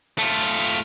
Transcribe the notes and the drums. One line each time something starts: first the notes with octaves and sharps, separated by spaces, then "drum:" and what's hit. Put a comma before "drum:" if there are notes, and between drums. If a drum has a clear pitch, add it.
A3 F4, drum: hi-hat
drum: hi-hat
drum: hi-hat